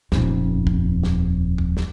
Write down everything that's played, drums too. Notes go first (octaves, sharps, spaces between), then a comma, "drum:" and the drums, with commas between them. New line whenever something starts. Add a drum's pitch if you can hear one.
D#1 F2, drum: snare
drum: kick
drum: snare
drum: kick
drum: snare